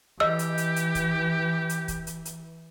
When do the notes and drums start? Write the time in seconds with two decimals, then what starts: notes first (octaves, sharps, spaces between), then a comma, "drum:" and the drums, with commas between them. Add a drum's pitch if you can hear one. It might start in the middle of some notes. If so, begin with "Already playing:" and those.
0.20 E3 G4 D#5 E6
0.39 drum: hi-hat
0.58 drum: hi-hat
0.76 drum: hi-hat
0.95 drum: kick, hi-hat
1.69 drum: hi-hat
1.88 drum: kick, hi-hat
2.07 drum: hi-hat
2.25 drum: hi-hat